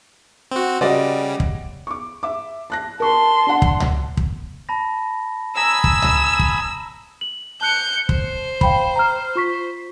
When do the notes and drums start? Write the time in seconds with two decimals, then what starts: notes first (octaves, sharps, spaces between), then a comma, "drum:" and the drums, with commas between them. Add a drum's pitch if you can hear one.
0.51 C4 F#4
0.81 C#3 G3 F#4 D5 D#5
1.40 drum: kick
1.87 C#6 D6
2.23 E5 D6
2.70 A5 F#6 A#6
3.00 A#4 A5 C6 C#6
3.47 D4 F#5
3.62 drum: kick
3.80 drum: tom C#2
4.17 drum: kick
4.69 A5 B5 A#6
5.57 G#5 A#5 B5 D#6 E6 A#6
5.84 drum: kick
6.02 drum: tom C#2
6.39 drum: kick
7.21 F#7
7.61 A5 F#6 G6 C#7
8.09 C5, drum: kick
8.61 F5 G5 B5, drum: kick
8.96 A#5 F6
9.35 F4 C#6 B6